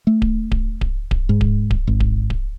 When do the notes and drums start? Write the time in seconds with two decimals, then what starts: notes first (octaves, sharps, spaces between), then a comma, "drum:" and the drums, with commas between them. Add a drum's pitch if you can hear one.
0.07 A3
0.22 drum: kick D1
0.52 drum: kick D1
0.81 drum: kick D1
1.11 drum: kick D1
1.29 G#2
1.41 drum: kick D1
1.71 drum: kick D1
1.87 G#1
2.00 drum: kick D1
2.30 drum: kick D1